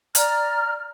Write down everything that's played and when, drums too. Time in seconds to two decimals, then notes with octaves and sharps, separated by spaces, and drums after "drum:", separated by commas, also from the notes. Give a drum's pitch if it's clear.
0.15 D5 A#5 F6, drum: hi-hat